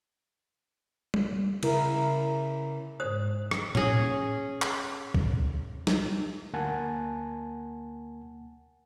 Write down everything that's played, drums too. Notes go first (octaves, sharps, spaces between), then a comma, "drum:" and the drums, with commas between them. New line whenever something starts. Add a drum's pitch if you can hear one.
drum: tom G3
C#3 E4 A#4, drum: cymbal
G#2 C5 D#6
drum: rim click
C#4 G#4, drum: tom A2
drum: clap
drum: kick
drum: snare
D2 A#3 F#5 G#5 A5